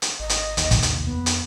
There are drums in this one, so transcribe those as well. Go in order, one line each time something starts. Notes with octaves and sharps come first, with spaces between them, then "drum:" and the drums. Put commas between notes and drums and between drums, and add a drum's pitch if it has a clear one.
drum: hi-hat
G#1 D#5
drum: hi-hat
D#2, drum: hi-hat
drum: kick, hi-hat
C3, drum: hi-hat
F2 B3
drum: hi-hat